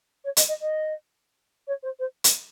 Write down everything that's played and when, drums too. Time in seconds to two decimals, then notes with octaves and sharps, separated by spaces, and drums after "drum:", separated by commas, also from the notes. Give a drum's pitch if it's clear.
0.24 C#5
0.37 D#5, drum: hi-hat
0.48 D#5
0.61 D#5
1.67 C#5
1.83 C5
1.99 C5
2.24 drum: hi-hat